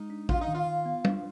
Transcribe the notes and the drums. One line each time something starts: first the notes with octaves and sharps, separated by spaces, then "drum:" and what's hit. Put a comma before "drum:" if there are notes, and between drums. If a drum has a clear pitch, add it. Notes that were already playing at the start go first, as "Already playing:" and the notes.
Already playing: G#3 D#4
D4
D4 F4, drum: kick A1
D#4
D#3
F4
D#3
B3
D4, drum: tom